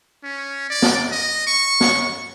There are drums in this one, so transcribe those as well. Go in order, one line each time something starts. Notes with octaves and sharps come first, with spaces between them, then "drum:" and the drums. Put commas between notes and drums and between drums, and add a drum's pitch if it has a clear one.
C#4
D5
drum: snare
D#5
C#6
drum: snare